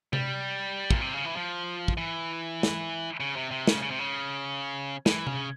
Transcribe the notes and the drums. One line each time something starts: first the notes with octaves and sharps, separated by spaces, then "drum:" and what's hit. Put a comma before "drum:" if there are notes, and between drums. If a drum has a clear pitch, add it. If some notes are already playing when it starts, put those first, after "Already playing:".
G3, drum: tom C3
A#2, drum: kick
C3
C#3
E3
F3
drum: kick
E3
drum: snare
C#3
C3
C3
C#3, drum: snare
C#3
C3
C#3
E3, drum: snare
C#3, drum: tom C3